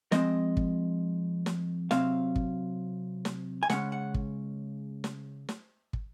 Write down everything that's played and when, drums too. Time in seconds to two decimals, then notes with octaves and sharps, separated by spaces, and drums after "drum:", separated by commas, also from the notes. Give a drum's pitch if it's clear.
0.12 F3 G#3 C4 D#5, drum: snare
0.57 drum: kick
1.46 drum: snare
1.91 C3 F#3 C4 F5, drum: snare
2.36 drum: kick
3.25 drum: snare
3.63 G#5
3.70 C#3 G#3 C#4 F#5, drum: snare
3.92 F#5
4.14 drum: kick
5.04 drum: snare
5.49 drum: snare
5.93 drum: kick